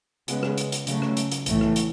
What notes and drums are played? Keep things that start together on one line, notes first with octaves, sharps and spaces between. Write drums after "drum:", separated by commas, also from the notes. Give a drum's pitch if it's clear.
C#3 G#3 B3, drum: hi-hat
drum: rim click
drum: hi-hat
drum: hi-hat
C#3 F#3 A3, drum: hi-hat
drum: rim click
drum: hi-hat
drum: hi-hat
B1 A2 E3 A3, drum: hi-hat
drum: rim click
drum: hi-hat